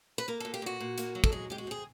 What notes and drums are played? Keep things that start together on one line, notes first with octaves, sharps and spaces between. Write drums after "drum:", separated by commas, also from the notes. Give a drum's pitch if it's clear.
B4
A#3 A#4
A#2 A4
G4
A#2 F#4
A#2
A#3, drum: hi-hat
F#3
A4, drum: kick
G#3 G#4
G#3 G4
F#4
C4 G#4